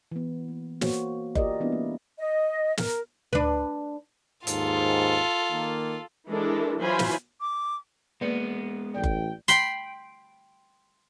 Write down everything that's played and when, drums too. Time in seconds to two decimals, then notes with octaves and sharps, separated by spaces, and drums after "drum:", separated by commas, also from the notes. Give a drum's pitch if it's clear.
0.12 E3 B3
0.48 A#3
0.81 A#3 F#4 C5 C#5, drum: snare
1.35 F4 G4 A#4 D5 D#5, drum: kick F#1
1.60 E3 G3 B3 C4 D4 E4
1.72 A#3
2.18 D#5
2.77 A#4, drum: snare
3.33 D4 B4, drum: tom D2
4.47 D#2 G#2 F4 A4, drum: hi-hat
5.51 D#3 A#3
6.28 E3 G#3 D4 E4 A4 A#4
6.79 E3 F#3 F4 C5 G#5 B5
6.99 drum: snare
7.41 D6
8.21 G#3 A#3 B3 B4 D5
8.94 A1 D5 G5
9.04 drum: kick F#1
9.48 G5 B5 C6, drum: hi-hat